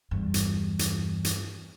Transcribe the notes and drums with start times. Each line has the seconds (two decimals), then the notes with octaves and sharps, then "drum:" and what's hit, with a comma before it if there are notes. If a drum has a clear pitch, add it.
0.11 E2 G2
0.34 drum: hi-hat
0.79 drum: hi-hat
1.25 drum: hi-hat